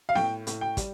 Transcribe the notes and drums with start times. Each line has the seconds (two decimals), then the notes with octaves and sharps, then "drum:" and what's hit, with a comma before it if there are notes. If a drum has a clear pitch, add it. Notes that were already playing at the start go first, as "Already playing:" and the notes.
0.09 F5
0.15 A2 G5, drum: snare B3
0.47 A2, drum: hi-hat
0.61 G5
0.77 G3, drum: kick, hi-hat